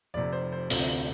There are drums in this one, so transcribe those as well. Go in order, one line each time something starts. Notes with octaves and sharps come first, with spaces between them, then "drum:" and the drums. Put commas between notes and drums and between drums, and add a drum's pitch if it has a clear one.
F1 F2 C3 D5
C5
C5
D2 C3 F3 A3 C4 C5, drum: hi-hat